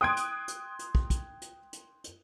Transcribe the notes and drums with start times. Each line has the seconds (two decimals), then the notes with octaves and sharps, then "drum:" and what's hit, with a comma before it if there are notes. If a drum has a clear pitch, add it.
0.01 G5 C6 D#6 F#6 G#6 D7
0.17 drum: hi-hat
0.48 drum: hi-hat
0.79 drum: hi-hat
0.95 drum: kick
1.10 drum: kick, hi-hat
1.42 drum: hi-hat
1.73 drum: hi-hat
2.04 drum: hi-hat